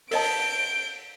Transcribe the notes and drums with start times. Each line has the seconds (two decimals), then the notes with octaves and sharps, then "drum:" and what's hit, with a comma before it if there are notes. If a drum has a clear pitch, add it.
0.11 A#4 D#5 A5 G6 D7, drum: open hi-hat